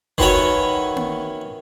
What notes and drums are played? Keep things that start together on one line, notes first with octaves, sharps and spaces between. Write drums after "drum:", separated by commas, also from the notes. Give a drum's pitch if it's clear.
D#3 E3 F#4 C#5, drum: kick F#1
drum: tom A#3